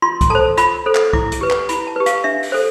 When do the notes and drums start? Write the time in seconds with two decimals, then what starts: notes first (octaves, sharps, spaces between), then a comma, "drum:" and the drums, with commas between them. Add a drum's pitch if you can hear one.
0.02 F4 C6
0.21 drum: kick C2, hi-hat
0.30 A4 C5 A5
0.58 F4 B5, drum: hi-hat
0.86 A4 C5
0.95 drum: clap
1.13 E4 D6, drum: kick C2
1.32 drum: hi-hat
1.41 G4 B4
1.50 drum: clap
1.69 E4 B5, drum: hi-hat
1.87 A5
1.96 G4 B4
2.06 F5, drum: hi-hat
2.24 D4 E5
2.43 drum: open hi-hat
2.52 A4 C5